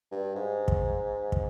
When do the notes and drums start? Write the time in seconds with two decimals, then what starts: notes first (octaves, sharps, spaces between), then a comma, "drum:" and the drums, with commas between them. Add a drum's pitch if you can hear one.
0.11 G2
0.35 G#2
0.68 drum: kick
1.32 drum: kick